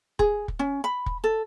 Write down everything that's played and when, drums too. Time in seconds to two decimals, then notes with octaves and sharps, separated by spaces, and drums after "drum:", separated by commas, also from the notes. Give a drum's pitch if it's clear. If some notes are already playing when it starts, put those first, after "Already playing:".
0.19 G#4, drum: kick
0.48 drum: kick
0.59 C#4
0.84 B5
1.06 drum: kick
1.24 A4